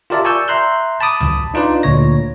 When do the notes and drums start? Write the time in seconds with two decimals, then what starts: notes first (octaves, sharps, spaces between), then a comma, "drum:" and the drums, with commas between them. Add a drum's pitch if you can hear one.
0.10 F4 G4 A#4 D5 E5 A5
0.24 D5 G#5 C#6 E6 G6
0.48 E5 A#5 C6 F#6 G6
1.01 A5 B5 D6 D#6
1.20 drum: tom C#2
1.54 D4 D#4 F4 B4 D5
1.83 D2 A#2 D3 C#5 A#6